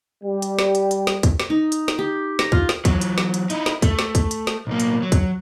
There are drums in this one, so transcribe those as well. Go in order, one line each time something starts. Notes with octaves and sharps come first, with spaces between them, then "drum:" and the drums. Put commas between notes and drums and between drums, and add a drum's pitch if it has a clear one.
G3
drum: hi-hat
drum: snare
drum: hi-hat
drum: hi-hat
drum: snare
drum: kick, hi-hat
drum: snare
D#4
drum: hi-hat
drum: snare
G4
A#5, drum: snare
F4, drum: kick
drum: snare
E3 F#3, drum: kick, hi-hat
drum: hi-hat
drum: snare
drum: hi-hat
D#4 E4, drum: hi-hat
drum: snare
A3, drum: kick, hi-hat
drum: snare
drum: kick, hi-hat
drum: hi-hat
drum: snare
B1 A#3
drum: hi-hat
F#3
drum: kick, hi-hat